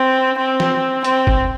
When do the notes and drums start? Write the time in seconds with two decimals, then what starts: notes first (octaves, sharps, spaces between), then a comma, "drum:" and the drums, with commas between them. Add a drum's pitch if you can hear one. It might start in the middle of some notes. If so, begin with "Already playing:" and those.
Already playing: C4
0.38 C4
0.60 drum: snare
1.04 C4, drum: hi-hat
1.27 drum: kick